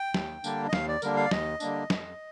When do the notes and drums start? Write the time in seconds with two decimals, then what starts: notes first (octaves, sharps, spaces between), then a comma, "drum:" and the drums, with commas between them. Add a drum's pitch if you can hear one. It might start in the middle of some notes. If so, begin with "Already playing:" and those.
Already playing: G5
0.14 D#2, drum: snare
0.44 D3 G3 A#3 D4, drum: tambourine
0.69 D#5
0.73 D#2 F5, drum: snare
0.88 D5
1.02 D3 G3 A#3 D4 A#4, drum: tambourine
1.17 F5
1.26 D5
1.31 D#2 D#5, drum: snare
1.60 D3 G3 A#3 D4, drum: tambourine
1.90 F2, drum: snare